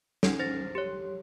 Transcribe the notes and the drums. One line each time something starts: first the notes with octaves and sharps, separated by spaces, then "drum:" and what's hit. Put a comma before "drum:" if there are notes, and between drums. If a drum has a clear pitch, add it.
C#4 D#4, drum: snare
C5 A6 A#6
G4 C#5